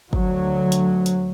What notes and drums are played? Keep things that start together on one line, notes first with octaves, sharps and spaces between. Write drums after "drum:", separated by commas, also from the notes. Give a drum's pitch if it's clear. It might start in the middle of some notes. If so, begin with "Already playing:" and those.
D2 F#3, drum: kick
drum: hi-hat
drum: hi-hat